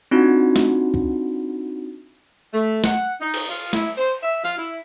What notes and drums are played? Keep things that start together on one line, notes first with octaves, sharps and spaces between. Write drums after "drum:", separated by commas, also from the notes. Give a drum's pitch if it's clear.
C4 D4 D#4 F4 F#4
drum: snare
drum: kick
A3
F#5, drum: snare
D#4
drum: cymbal
F4
E4, drum: snare
C5
E5
F4
E4